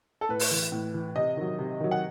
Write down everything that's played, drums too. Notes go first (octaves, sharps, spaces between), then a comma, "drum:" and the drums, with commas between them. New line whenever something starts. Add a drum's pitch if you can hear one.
A4
A2 B4
drum: open hi-hat
E3
A2
E3
C3 D#5
D#3 F#3
C3
D#3 F#3
F#5